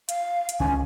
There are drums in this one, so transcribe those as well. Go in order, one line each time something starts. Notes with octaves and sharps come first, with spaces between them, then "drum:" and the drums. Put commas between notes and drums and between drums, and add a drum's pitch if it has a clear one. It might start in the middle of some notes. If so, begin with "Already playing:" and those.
F5, drum: hi-hat
drum: hi-hat
C#2 C#4 G#5